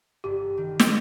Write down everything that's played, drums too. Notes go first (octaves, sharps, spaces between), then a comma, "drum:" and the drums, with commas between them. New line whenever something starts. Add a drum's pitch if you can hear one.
G1 G4
D#3
drum: snare